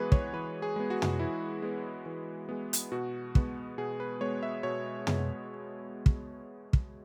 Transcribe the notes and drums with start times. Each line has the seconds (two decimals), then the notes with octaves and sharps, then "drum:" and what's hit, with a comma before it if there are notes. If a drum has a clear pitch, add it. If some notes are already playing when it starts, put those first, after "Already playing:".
Already playing: E3 G#3 B3 F#4 G#4 B4
0.12 C#5, drum: kick
0.33 E3 B4
0.62 G#4
0.76 G#3 B3
0.90 F#4
1.02 drum: tom
1.19 E3 E4
1.62 G#3 B3
2.06 E3
2.49 G#3 B3
2.73 drum: hi-hat
2.92 B2 F#4
3.35 G#3 B3, drum: kick
3.78 B2 G#4
4.00 B4
4.21 G#3 B3 C#5
4.43 E5
4.63 B2 C#5
5.07 G#3 B3, drum: tom
6.06 drum: kick
6.73 drum: kick